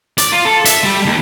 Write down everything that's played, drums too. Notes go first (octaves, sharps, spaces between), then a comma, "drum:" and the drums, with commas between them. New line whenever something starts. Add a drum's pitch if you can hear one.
D5, drum: hi-hat
F4
A4
E5, drum: hi-hat
G3
D#2